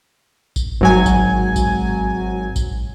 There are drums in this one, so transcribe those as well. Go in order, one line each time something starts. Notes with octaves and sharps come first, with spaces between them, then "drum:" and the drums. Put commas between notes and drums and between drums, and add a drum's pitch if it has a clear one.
drum: kick A1, tambourine
G#1 F#3 G#5
drum: kick A1, tambourine
drum: kick A1, tambourine
drum: kick A1, tambourine